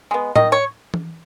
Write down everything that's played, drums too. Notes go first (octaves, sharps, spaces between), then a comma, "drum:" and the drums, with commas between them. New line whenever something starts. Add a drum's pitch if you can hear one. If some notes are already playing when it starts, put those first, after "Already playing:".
G#3 B3
D#3 D#5, drum: tom A2
C#5
drum: tom E3